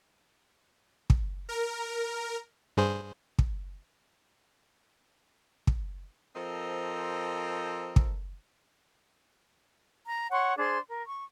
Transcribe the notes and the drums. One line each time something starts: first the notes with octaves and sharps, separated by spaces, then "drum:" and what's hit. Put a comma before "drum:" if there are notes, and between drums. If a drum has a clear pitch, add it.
drum: kick
A#4
G2 G#4 C5
drum: kick
drum: kick
F3 C4 A4 A#4 C5 D#5
drum: kick
A#5
C#5 F#5 C6 C#6
D4 G#4 C5 C6
A#4
C#6